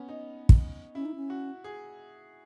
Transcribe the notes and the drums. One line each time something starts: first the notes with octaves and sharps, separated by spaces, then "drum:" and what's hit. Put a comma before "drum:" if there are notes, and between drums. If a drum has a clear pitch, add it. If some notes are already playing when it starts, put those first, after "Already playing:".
Already playing: B3 C#4
D#4
drum: kick
C#4 E4
D#4
C#4
F#4
G#4